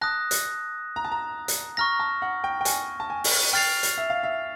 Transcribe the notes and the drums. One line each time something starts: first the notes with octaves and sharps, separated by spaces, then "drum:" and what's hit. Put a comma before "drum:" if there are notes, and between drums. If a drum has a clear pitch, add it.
A5 D#6 F#6 A#6
drum: hi-hat
A#5
A5
A#5
drum: hi-hat
A#5 C#6 F6 A#6
A5
F#5
G5
G5
G#5, drum: hi-hat
A5
G#5
drum: open hi-hat
G5 F6 A6 C7 F7
drum: hi-hat
E5
F5
E5